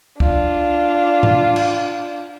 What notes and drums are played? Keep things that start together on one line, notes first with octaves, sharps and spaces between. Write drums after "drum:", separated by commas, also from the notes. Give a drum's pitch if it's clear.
D4 F4, drum: kick C#2
drum: tom G#2
drum: cymbal